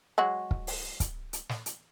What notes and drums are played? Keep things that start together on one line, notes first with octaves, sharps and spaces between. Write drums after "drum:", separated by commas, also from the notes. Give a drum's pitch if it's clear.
F#3 G#3 F#4
drum: kick
drum: open hi-hat
drum: kick, hi-hat
drum: hi-hat
drum: snare
drum: hi-hat